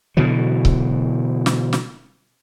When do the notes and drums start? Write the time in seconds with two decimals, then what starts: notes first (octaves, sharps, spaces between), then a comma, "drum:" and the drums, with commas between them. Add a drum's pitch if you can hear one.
0.17 B2 D3 E3 F#3
0.65 drum: kick C#1
1.46 drum: snare
1.73 drum: snare